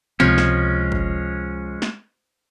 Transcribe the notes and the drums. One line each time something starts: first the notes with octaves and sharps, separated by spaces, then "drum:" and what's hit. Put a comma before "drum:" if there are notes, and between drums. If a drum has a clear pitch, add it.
C#2 C3 F3 G#3 C4 C#4
drum: snare
drum: kick
drum: snare